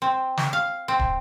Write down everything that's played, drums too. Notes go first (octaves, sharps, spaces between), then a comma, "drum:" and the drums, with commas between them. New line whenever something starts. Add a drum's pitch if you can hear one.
C4
drum: snare
F5
C4
drum: kick